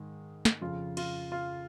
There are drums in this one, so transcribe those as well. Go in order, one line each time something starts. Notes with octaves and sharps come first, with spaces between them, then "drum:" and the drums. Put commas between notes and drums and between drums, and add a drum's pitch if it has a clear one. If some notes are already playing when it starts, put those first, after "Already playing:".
Already playing: G#2 D#3 G#3
drum: snare
F2 C#3 F3 F4
F4, drum: cymbal
F4